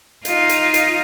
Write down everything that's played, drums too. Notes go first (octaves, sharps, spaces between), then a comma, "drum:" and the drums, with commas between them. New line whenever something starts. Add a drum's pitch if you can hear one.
D#4 F4, drum: hi-hat
drum: hi-hat
drum: hi-hat